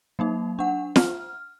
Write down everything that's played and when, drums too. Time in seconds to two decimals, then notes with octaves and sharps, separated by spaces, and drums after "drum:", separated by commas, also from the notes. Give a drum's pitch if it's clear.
0.19 F#3 A#3 D#4
0.59 D4 F#5
0.96 F6, drum: snare